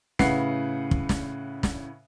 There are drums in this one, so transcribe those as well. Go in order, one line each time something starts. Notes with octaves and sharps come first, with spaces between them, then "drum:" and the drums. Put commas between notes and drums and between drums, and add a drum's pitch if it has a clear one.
A2 C#3 B4 F#5 C7, drum: snare
drum: kick
drum: snare
drum: snare